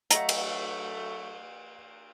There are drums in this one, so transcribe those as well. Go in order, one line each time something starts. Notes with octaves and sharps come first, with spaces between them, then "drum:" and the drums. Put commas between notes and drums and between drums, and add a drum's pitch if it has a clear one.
F#3 A3 C#5 D#5 F5 F#5 A#5, drum: hi-hat
drum: cymbal